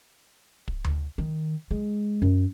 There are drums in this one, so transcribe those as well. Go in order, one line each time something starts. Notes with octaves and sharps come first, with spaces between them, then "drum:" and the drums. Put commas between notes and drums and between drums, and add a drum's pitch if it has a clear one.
drum: kick
drum: tom D2
D#3
G#3
F#2